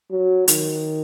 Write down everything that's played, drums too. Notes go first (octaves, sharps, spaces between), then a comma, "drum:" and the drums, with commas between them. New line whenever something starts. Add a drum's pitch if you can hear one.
F#3
D#3, drum: hi-hat